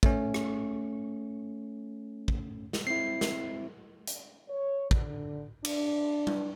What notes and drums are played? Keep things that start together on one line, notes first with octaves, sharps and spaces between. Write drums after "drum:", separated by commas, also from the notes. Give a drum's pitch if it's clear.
A3 C#4, drum: kick
drum: rim click
drum: kick
drum: snare
C4 E4 C7
drum: snare
drum: hi-hat
C#5
D3, drum: kick
D4, drum: cymbal
drum: tom G3